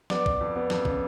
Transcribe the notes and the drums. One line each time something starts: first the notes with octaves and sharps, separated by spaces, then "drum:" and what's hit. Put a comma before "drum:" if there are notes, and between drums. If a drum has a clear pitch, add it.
B3 D5 D6, drum: snare
B3, drum: kick
F2
B3
F2, drum: snare
C#3, drum: kick